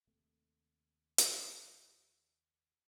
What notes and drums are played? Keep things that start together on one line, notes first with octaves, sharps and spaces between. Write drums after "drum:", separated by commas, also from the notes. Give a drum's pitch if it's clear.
D#2 C3 A3 A#3
drum: hi-hat